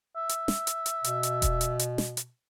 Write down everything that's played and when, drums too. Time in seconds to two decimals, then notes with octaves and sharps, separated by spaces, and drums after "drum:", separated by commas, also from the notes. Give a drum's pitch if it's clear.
0.16 E5
0.29 drum: hi-hat
0.48 drum: snare
0.67 drum: hi-hat
0.86 drum: hi-hat
1.04 B2, drum: hi-hat
1.23 drum: hi-hat
1.42 drum: kick E1, hi-hat
1.61 drum: hi-hat
1.79 drum: hi-hat
1.98 drum: snare
2.17 drum: hi-hat